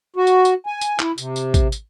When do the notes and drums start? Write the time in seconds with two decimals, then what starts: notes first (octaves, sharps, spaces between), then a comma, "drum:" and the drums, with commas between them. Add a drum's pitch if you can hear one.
0.16 F#4
0.27 drum: tambourine
0.45 drum: tambourine
0.66 G#5
0.81 drum: tambourine
1.00 E4, drum: clap
1.18 C3, drum: tambourine
1.36 drum: tambourine
1.54 drum: kick, tambourine
1.72 drum: tambourine